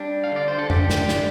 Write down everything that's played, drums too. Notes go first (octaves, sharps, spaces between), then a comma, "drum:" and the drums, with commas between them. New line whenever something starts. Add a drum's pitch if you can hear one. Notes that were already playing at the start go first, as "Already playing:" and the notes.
Already playing: G3 D4
F5
D3 D5
C5
A4
D3 G4, drum: tom F2
drum: snare
G3, drum: snare